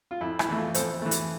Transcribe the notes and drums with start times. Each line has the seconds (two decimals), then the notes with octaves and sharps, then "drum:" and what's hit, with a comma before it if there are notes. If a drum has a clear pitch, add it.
0.11 F4
0.21 F2 E4
0.39 E4, drum: rim click
0.49 E3 A3
0.57 F4
0.74 F2 A4 C5, drum: hi-hat
1.02 E3 A3
1.11 drum: hi-hat